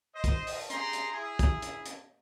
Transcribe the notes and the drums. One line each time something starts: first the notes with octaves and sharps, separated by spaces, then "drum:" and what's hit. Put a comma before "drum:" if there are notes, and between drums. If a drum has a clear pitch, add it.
C5 D#5
drum: kick, hi-hat
drum: open hi-hat
G4 G#4 A#5 C6, drum: hi-hat
drum: hi-hat
E4 G#4
drum: kick, hi-hat
drum: hi-hat
drum: hi-hat